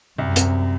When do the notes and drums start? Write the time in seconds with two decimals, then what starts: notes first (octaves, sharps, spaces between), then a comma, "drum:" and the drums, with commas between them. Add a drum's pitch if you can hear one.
0.18 C2 F#2
0.36 C3, drum: hi-hat